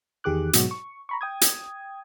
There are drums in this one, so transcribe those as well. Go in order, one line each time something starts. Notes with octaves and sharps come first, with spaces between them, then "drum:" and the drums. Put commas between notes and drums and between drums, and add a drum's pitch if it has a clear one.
E2 D#3 G4 G#4 D6 F#6
G#2 B2 F#3 G#3 F#4, drum: hi-hat
C#6
A#5 B5 C#6
G5 D#6 G#6
drum: hi-hat